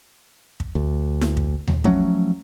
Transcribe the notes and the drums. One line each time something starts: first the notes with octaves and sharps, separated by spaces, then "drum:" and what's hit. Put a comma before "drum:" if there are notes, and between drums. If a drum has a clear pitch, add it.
drum: kick
D2
drum: snare E4
drum: kick
drum: tom D#2
F3 F#3 A3 C#4, drum: kick